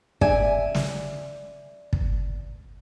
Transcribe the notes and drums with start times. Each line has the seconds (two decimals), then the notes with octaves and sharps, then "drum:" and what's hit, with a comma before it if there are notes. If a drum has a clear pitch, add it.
0.21 D5 E5 G#5, drum: kick
0.75 drum: snare
1.93 drum: kick